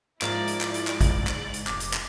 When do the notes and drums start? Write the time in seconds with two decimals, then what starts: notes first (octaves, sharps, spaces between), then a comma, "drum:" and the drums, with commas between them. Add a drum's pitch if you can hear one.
0.22 G#2 F3 A#3 E4 D5, drum: clap
0.48 drum: hi-hat
0.61 drum: clap
0.74 drum: hi-hat
0.87 drum: clap
1.01 drum: kick, hi-hat
1.27 drum: clap
1.54 drum: hi-hat
1.67 F1 D6, drum: clap
1.80 drum: hi-hat
1.93 drum: clap